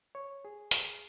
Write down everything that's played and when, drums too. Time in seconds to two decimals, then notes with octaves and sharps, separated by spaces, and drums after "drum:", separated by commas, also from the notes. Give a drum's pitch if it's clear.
0.15 C#5
0.45 G#4
0.71 drum: hi-hat